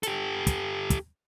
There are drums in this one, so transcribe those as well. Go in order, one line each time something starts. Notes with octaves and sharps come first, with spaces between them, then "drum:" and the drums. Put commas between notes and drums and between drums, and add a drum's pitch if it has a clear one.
G4 A4, drum: hi-hat
drum: kick, hi-hat
drum: kick, hi-hat